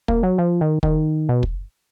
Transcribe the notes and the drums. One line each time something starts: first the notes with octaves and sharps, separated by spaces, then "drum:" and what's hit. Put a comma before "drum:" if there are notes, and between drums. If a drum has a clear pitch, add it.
A#3, drum: kick
F#3
F3
D#3
D#3, drum: kick
B2
drum: kick